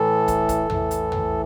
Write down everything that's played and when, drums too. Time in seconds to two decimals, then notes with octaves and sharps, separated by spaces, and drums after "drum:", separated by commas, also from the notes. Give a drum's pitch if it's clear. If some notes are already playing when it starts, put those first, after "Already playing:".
Already playing: A2 E3 A4
0.28 drum: kick, hi-hat
0.49 drum: kick, hi-hat
0.70 A2 E3, drum: tom
0.91 drum: hi-hat
1.12 drum: tom